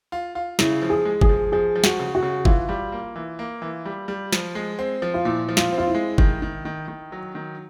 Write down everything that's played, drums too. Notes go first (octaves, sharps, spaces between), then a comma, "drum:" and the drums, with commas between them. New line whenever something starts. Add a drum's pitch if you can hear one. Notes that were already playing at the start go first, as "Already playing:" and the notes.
F4
F4
C#3 E4, drum: snare
F3
G#4
G#3
G#4, drum: kick F#1
F3
F3 G#4
F3
F#4, drum: snare
C#3
F#4
C#3
E3 F4, drum: kick F#1
G3
A#3
E3
A#3
E3
G3
G3
F3, drum: snare
G#3
C4
F3
F4
A#2 E4
F3
F4, drum: snare
C4
F4
E4
G#3
D#3, drum: kick F#1
D#3
D#3
D#3
F#3
D#3